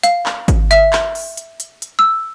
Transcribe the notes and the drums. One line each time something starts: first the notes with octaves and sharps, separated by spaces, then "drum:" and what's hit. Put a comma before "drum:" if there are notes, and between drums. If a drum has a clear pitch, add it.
F5, drum: hi-hat
drum: clap
drum: kick G#1, hi-hat
E5, drum: hi-hat
drum: clap
drum: open hi-hat
drum: hi-hat
drum: hi-hat
drum: hi-hat
E6